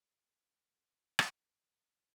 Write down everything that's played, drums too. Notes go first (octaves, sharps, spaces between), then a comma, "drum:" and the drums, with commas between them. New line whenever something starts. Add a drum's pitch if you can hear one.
E2 G#2 F#3 B3 D4 A#4
F2 C4 F4
drum: rim click
D#1 G#1 E2 D4 F#4
F1 B1 G#2 F3 G4